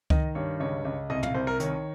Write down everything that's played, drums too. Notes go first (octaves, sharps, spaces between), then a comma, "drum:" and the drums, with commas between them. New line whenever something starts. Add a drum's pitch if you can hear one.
D#3 D#5, drum: kick C#2
G2 C#5
C#2 C#5
C#2
C2 D#5
F5, drum: tom
C2 C5
A#4
D#3 C#5, drum: hi-hat